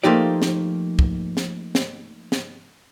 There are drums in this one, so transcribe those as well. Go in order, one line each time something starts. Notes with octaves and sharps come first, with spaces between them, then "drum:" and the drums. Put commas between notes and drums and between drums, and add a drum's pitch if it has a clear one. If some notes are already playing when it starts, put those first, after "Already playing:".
F3 A3 A#3 D#4 G4 D5
drum: snare
drum: kick
drum: snare
drum: snare
drum: snare